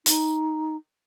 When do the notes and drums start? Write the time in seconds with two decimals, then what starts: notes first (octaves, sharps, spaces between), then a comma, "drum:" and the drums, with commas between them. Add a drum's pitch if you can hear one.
0.06 D#4, drum: hi-hat